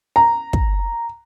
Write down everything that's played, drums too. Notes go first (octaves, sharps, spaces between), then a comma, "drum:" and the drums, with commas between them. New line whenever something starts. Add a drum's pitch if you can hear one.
A#5
drum: kick